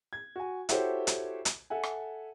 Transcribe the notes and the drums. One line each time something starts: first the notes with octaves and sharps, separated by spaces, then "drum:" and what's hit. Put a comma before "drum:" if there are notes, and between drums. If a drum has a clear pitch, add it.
G#6
F#4 G#5
E4 F#4 G4 A4 C5 C#5, drum: hi-hat
drum: hi-hat
drum: hi-hat
A4 E5 F#5 G#5
drum: rim click